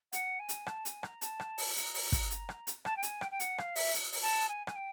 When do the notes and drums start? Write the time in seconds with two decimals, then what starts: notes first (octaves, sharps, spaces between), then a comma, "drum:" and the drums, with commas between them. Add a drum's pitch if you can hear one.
0.13 F#5, drum: hi-hat
0.39 G#5
0.49 drum: hi-hat
0.66 A5, drum: rim click
0.85 G#5, drum: hi-hat
1.03 A#5, drum: rim click
1.21 A5, drum: hi-hat
1.40 drum: rim click
1.58 drum: open hi-hat
1.76 A#5, drum: hi-hat
1.94 drum: open hi-hat
2.12 drum: kick, hi-hat
2.30 drum: hi-hat
2.49 drum: rim click
2.67 drum: hi-hat
2.85 A5, drum: rim click
2.96 G5
3.03 G#5, drum: hi-hat
3.21 G5, drum: rim click
3.31 G5
3.40 F#5, drum: hi-hat
3.58 F5, drum: rim click
3.76 E5, drum: open hi-hat
3.94 drum: hi-hat
4.12 drum: open hi-hat
4.22 A5
4.49 G#5
4.67 G#5, drum: rim click
4.76 G5